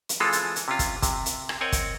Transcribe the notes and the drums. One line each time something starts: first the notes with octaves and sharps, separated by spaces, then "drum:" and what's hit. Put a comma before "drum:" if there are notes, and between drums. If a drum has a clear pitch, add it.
drum: hi-hat
E3 G#3 C4 F4 A4
drum: hi-hat
drum: hi-hat
C3 C#4 F4
drum: kick, hi-hat
C3, drum: kick, hi-hat
drum: hi-hat
drum: rim click
C4 A#4 C#5 D#5 F#5 G5
drum: kick, hi-hat